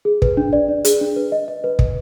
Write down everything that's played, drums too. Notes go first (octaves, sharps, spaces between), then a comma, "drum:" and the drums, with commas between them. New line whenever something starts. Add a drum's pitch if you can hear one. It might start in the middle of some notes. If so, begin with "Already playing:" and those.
G#4
B4, drum: kick
D4
D5
D4
G#4, drum: hi-hat
D4
B4
D#5
D#5
B4
B4, drum: kick